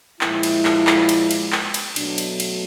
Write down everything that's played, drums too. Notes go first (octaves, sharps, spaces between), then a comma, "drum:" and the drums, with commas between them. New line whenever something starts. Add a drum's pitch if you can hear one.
A#2 F3 G#3 E4, drum: clap
drum: cymbal
drum: clap
drum: clap
drum: cymbal
drum: cymbal
drum: clap
drum: cymbal
B2 F#3 A3 D4, drum: cymbal
drum: cymbal
drum: cymbal